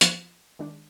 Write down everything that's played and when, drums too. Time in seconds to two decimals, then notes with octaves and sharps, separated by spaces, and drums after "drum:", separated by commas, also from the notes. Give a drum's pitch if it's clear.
0.01 F3 F#6 C#7 E7, drum: hi-hat
0.59 D#3 G#3 D4